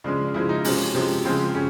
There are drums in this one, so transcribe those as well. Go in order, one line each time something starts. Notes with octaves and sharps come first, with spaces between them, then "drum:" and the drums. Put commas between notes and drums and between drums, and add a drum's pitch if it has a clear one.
C#3 F3 G#3 D4
C#3 F3 G#3 E4
D#4
C3 F3 G#3 C#4, drum: open hi-hat
C3 F3 G#3
C#3 F3 G#3 C4
C#3 C#4